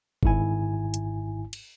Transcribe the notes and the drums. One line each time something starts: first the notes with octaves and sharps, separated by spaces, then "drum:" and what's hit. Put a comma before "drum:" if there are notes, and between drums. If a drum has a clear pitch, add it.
G#1 G#2 E4 G#5, drum: kick G1
drum: hi-hat
drum: cymbal